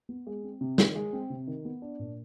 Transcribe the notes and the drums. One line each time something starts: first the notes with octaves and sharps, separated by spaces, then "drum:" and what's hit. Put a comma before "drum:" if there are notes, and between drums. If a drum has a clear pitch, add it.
B3
G#3
C4
C3
D#3, drum: snare
G#3
C4
C3
D#3
B3
D4
A#2